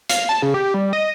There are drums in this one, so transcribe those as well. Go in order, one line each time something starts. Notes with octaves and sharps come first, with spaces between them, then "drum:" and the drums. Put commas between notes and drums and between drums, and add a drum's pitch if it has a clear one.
F5, drum: hi-hat
A5
C#3
G4
G3
D#5